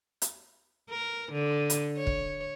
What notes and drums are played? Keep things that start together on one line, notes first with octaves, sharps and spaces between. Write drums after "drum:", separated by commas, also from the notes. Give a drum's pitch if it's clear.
drum: hi-hat
A#4
D3
drum: hi-hat
C#5
drum: kick